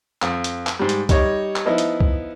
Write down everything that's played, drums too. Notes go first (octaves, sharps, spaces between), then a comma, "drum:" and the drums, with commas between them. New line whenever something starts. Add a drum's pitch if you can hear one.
F2, drum: clap
drum: hi-hat
drum: clap
G#2 G3
drum: hi-hat
G3 D#4 C#5 D#5, drum: kick C2, hi-hat
drum: clap
F3 B3 D#4 E4
drum: hi-hat
drum: kick C2